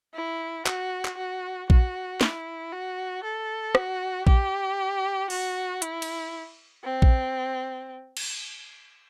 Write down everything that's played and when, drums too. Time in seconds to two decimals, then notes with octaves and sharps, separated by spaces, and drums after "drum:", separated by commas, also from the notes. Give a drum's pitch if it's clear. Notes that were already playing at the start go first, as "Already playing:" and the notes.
0.14 E4
0.66 F#4, drum: clap
1.05 drum: clap
1.17 F#4
1.70 F#4, drum: kick A#1
2.21 E4, drum: snare
2.72 F#4
3.24 A4
3.75 F#4, drum: rim click
4.27 G4, drum: kick A#1
5.30 F#4, drum: open hi-hat
5.82 E4, drum: hi-hat
6.02 drum: cymbal
6.84 C4
7.02 drum: kick A#1
8.17 drum: cymbal